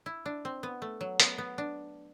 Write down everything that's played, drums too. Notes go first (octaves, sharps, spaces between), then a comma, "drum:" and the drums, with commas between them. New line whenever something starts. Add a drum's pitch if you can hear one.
E4
D4
C4
B3
A3
F#3
B3, drum: hi-hat
B3
D4